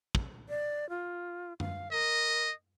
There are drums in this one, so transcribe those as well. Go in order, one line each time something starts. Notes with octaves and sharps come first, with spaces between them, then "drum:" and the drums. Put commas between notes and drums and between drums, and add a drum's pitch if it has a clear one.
drum: kick
D5
F4
F5, drum: tom F#2
A#4 D#5